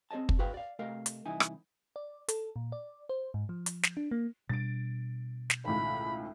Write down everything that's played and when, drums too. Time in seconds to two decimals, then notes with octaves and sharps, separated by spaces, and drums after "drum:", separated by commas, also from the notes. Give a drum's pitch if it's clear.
0.11 C4 G#4 C#5 D#5 A5
0.29 drum: kick
0.39 F#4 G#4 B4 C5 F5 G5
0.54 D5 F5
0.79 C3 A3 A#4 D#5 F5
1.06 drum: hi-hat
1.26 C2 E3 D#4 E4 G#5
1.40 drum: rim click
1.96 D5
2.28 A4, drum: hi-hat
2.56 A#2
2.72 D5
3.09 C5
3.34 G#2
3.49 F3
3.66 drum: hi-hat
3.83 drum: snare
3.97 D4
4.11 A#3
4.49 B2 G3 D4 A6 D7
5.50 drum: snare
5.65 C#2 A2 D#3 B5